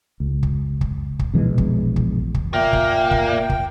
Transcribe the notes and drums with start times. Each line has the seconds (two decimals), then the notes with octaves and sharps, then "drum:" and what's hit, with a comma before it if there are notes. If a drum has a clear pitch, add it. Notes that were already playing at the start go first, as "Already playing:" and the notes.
0.20 C#2
0.43 drum: kick
0.81 drum: kick
1.19 drum: kick
1.34 A#1 B2 E3 G#3
1.58 drum: kick
1.96 drum: kick
2.34 drum: kick
2.54 A#2 A#3 E5 G5
2.73 drum: kick
3.11 drum: kick
3.50 drum: kick